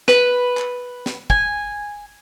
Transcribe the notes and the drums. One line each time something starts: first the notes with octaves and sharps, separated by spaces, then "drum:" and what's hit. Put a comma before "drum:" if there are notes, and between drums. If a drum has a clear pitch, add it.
B4, drum: snare
drum: clap
drum: snare
G#5, drum: kick